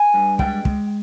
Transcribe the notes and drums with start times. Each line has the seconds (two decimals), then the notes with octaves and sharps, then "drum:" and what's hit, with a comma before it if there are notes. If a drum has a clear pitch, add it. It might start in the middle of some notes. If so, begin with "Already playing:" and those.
Already playing: G#5
0.14 G2
0.39 G#3 G5, drum: kick
0.65 G#3, drum: kick